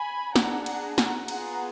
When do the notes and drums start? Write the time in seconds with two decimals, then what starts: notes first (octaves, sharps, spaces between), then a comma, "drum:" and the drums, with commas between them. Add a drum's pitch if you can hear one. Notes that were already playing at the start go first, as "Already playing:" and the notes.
Already playing: G#5 B5
0.36 D4 G#4 F#5 A#5, drum: snare
0.66 F#5 A#5, drum: cymbal
0.98 F#5 A#5, drum: snare
1.28 B3 F4 G#4 F#5 A#5, drum: cymbal